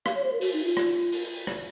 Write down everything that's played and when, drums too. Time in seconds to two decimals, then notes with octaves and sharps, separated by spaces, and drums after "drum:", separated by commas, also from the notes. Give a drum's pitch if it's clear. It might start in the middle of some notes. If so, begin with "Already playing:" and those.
0.06 F5, drum: rim click
0.16 C#5
0.24 C5
0.33 A#4
0.41 F#4, drum: open hi-hat
0.53 D#4
0.65 F4
0.77 drum: rim click
1.12 drum: open hi-hat
1.47 drum: rim click